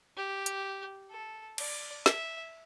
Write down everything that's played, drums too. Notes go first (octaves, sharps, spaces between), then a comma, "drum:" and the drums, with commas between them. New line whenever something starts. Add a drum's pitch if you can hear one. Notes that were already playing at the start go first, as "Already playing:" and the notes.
G4
drum: hi-hat
A4
D5, drum: cymbal
E5, drum: snare